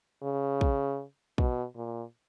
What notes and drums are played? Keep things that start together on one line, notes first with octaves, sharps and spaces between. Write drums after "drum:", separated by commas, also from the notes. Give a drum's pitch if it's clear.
C#3
drum: kick
B2, drum: kick
A#2